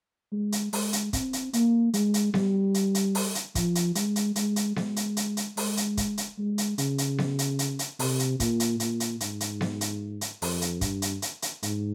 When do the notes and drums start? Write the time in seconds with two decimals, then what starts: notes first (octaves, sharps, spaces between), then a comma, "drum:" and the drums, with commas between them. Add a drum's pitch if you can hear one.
0.32 G#3
0.52 drum: hi-hat
0.73 G#3, drum: open hi-hat
0.93 drum: hi-hat
1.13 C4, drum: kick, hi-hat
1.33 drum: hi-hat
1.53 A#3, drum: hi-hat
1.94 G#3, drum: hi-hat
2.14 drum: hi-hat
2.34 G3, drum: snare B3
2.74 drum: hi-hat
2.95 drum: hi-hat
3.15 drum: open hi-hat
3.35 drum: hi-hat
3.55 F3, drum: kick, hi-hat
3.75 drum: hi-hat
3.95 G#3, drum: hi-hat
4.16 drum: hi-hat
4.36 G#3, drum: hi-hat
4.56 drum: hi-hat
4.76 G#3, drum: snare B3
4.96 drum: hi-hat
5.17 drum: hi-hat
5.37 drum: hi-hat
5.57 G#3, drum: open hi-hat
5.77 drum: hi-hat
5.97 drum: kick, hi-hat
6.18 drum: hi-hat
6.38 G#3
6.58 drum: hi-hat
6.78 C#3, drum: hi-hat
6.98 drum: hi-hat
7.18 drum: snare B3
7.39 drum: hi-hat
7.59 drum: hi-hat
7.79 drum: hi-hat
7.99 C3, drum: open hi-hat
8.19 drum: hi-hat
8.40 A#2, drum: kick, hi-hat
8.60 drum: hi-hat
8.80 A#2, drum: hi-hat
9.00 drum: hi-hat
9.20 G#2, drum: hi-hat
9.40 drum: hi-hat
9.61 drum: snare B3
9.81 drum: hi-hat
10.21 drum: hi-hat
10.42 F2, drum: open hi-hat
10.62 drum: hi-hat
10.81 G2, drum: kick, hi-hat
11.02 drum: hi-hat
11.22 drum: hi-hat
11.42 drum: hi-hat
11.63 G#2, drum: hi-hat